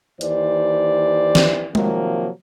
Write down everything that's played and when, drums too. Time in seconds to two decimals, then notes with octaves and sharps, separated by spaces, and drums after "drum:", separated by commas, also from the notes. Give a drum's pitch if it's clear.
0.21 D#2 E3 G4 C5 D5, drum: hi-hat
1.35 drum: snare
1.75 C3 D#3 F3 F#3 A#3, drum: tom G#3